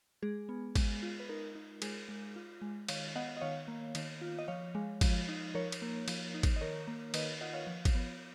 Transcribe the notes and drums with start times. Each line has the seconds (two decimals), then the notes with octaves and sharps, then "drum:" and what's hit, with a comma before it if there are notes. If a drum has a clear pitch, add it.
0.23 G#3 G#4
0.49 B3
0.75 G#3, drum: kick, cymbal
1.02 F4
1.20 B4
1.29 D#4 A#4
1.55 D#4
1.82 G#3 G#4, drum: cymbal
2.09 G#3
2.36 F4
2.62 G#3
2.88 D#3 C#5 F5, drum: cymbal
3.15 B3 D#5 F#5
3.37 D#5
3.41 D#3 C#5 F5
3.68 A#3
3.95 D#3, drum: cymbal
4.22 F4
4.39 D#5
4.48 F3 C#5 F5
4.75 G#3
5.01 F3, drum: kick, cymbal
5.29 D#4
5.55 F3 A#4 C#5
5.72 drum: cymbal
5.82 A#3
6.08 F3, drum: cymbal
6.34 D#4
6.43 drum: kick, cymbal
6.56 D#5
6.61 D#3 A#4 C#5
6.87 A#3
7.14 D#3 B4 D#5, drum: cymbal
7.41 F4 D#5 F#5
7.54 C#5 F5
7.67 F3
7.85 drum: kick, cymbal
7.95 B3